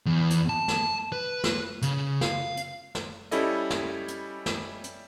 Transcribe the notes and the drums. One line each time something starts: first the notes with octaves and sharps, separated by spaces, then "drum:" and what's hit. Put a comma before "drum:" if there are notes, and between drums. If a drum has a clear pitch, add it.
E2
drum: hi-hat
A5
drum: snare
B4
drum: snare
C#3, drum: hi-hat
F5, drum: snare
drum: hi-hat
drum: snare
G3 C#4 E4 A4 D#5, drum: hi-hat
drum: snare
drum: hi-hat
drum: snare
drum: hi-hat